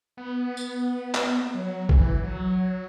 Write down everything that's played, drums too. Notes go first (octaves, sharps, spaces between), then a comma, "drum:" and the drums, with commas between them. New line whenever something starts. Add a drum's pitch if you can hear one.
B3
drum: tambourine
drum: clap
F#3
E3, drum: kick
F#3